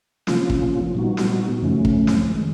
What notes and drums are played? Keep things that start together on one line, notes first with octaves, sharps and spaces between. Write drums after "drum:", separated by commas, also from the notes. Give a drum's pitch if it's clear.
C3 F3 A#3 C#4 F4, drum: snare
drum: kick
A#2 G3 B3 D#4 F#4
drum: snare
F#2 C#3 F3 A3 C#4
drum: kick
drum: snare
D#3 G#3